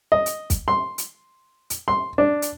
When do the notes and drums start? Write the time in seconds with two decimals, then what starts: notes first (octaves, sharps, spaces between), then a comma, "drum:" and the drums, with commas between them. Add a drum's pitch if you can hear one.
0.12 D#5
0.26 drum: hi-hat
0.50 drum: kick, hi-hat
0.68 C6
0.98 drum: hi-hat
1.70 drum: hi-hat
1.88 C6
2.18 D4
2.42 drum: hi-hat